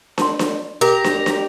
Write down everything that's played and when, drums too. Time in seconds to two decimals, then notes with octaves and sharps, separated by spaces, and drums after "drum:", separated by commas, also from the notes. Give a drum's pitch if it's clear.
0.18 A5 C6, drum: snare
0.39 drum: snare
0.81 G4 A#4 A#5
1.04 drum: snare
1.26 drum: snare